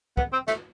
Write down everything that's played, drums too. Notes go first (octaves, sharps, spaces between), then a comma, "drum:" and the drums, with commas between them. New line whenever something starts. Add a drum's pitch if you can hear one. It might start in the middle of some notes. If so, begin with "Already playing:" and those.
B3, drum: kick
C4
A3, drum: snare